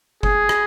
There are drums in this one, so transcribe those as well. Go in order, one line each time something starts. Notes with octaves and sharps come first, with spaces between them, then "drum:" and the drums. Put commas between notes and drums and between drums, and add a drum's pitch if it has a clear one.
G#4, drum: kick F#1
drum: rim click